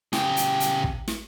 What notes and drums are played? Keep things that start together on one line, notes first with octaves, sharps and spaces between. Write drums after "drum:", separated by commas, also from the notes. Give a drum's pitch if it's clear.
C#3 G4, drum: snare
drum: hi-hat
drum: hi-hat
drum: kick
drum: snare